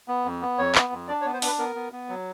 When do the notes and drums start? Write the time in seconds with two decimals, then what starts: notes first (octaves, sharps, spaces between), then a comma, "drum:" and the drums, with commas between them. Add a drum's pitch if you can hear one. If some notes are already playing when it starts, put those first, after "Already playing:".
0.08 B3
0.25 F2
0.42 B3
0.58 F2 C#5
0.75 B3, drum: clap
0.92 F2
1.08 D4 D5
1.21 C#5
1.25 B3
1.34 C5
1.42 D4 B4, drum: open hi-hat
1.59 B3 A#4
1.75 B3
1.92 B3
2.09 F#3